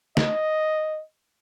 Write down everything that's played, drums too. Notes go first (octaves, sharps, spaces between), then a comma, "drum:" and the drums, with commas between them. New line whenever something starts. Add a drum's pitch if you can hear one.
D#5, drum: snare